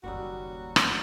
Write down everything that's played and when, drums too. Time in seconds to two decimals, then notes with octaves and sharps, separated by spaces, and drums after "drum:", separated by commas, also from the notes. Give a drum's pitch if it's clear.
0.03 F#1 D#2 F#3 G3 F#4 B4
0.76 drum: rim click